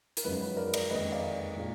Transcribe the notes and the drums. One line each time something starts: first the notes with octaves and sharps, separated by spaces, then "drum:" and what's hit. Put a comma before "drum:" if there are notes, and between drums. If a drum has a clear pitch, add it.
A#4, drum: hi-hat
F#2 F3 G#3 D#4 B4
B4
A#4 D5
A#4 D5, drum: cymbal
F2 D#3 G#3 D#4 B4 D#5
D5 F5
A#2 G#3 D4 F4